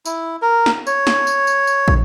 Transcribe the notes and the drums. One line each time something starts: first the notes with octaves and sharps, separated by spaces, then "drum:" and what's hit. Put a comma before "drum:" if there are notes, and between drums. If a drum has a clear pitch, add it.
E4, drum: tambourine
A#4
drum: snare
C#5, drum: tambourine
drum: snare
drum: tambourine
drum: tambourine
drum: tambourine
drum: kick